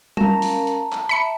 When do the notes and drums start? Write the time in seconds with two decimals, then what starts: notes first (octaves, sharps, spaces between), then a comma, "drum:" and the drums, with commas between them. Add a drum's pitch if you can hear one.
0.17 C#4 A#4 F5 A5 A#5, drum: tom G3
0.42 drum: open hi-hat
0.67 drum: hi-hat
0.92 drum: clap
1.09 E5 B5 C#7